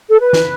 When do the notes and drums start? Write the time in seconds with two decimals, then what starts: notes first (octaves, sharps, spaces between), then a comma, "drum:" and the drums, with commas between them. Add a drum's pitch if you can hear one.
0.10 A4
0.20 B4
0.33 drum: snare